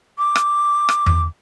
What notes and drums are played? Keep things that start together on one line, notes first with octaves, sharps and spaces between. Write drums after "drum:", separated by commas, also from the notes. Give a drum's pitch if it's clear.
D6
drum: rim click
drum: rim click
drum: tom E2